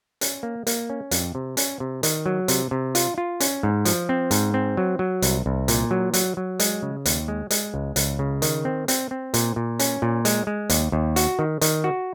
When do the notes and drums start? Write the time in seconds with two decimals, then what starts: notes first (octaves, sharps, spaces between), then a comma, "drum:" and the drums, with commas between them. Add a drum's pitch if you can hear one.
0.21 C#4, drum: hi-hat
0.43 A#3
0.67 A#3, drum: hi-hat
0.90 C#4
1.11 F2, drum: hi-hat
1.35 C3
1.57 C#4, drum: hi-hat
1.80 C3
2.03 D#3, drum: hi-hat
2.26 F#3
2.48 C3, drum: hi-hat
2.71 C3
2.95 F4, drum: hi-hat
3.18 F4
3.40 C#4, drum: hi-hat
3.63 G#2
3.85 F3, drum: hi-hat
4.09 C4
4.31 G#2, drum: hi-hat
4.54 C4
4.77 F#3
4.99 F#3
5.22 C2, drum: hi-hat
5.46 C2
5.68 A#2, drum: hi-hat
5.91 F#3
6.14 F#3, drum: hi-hat
6.37 F#3
6.60 G#3, drum: hi-hat
6.82 C#3
7.06 D#2, drum: hi-hat
7.28 G#3
7.51 G#3, drum: hi-hat
7.74 C#2
7.96 C#2, drum: hi-hat
8.19 C#3
8.42 D#3, drum: hi-hat
8.65 C4
8.88 C4, drum: hi-hat
9.11 C4
9.34 A#2, drum: hi-hat
9.56 A#2
9.79 C#4, drum: hi-hat
10.02 A#2
10.25 G#3, drum: hi-hat
10.47 G#3
10.70 D#2, drum: hi-hat
10.92 D#2
11.16 F#4, drum: hi-hat
11.39 D#3
11.61 D#3, drum: hi-hat
11.84 F#4